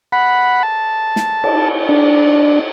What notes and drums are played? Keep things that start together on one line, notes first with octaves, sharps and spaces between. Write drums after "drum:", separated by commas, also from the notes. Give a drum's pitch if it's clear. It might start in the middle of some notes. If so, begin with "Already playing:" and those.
F#5 B5
A5
drum: snare
drum: cymbal
D4